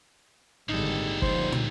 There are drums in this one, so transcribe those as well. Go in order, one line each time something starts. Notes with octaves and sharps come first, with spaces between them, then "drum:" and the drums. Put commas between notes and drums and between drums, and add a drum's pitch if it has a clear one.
G#1 A#2 D3 G3 G#3 D#4 A4
C#2 D3 F3 C5, drum: kick
drum: tom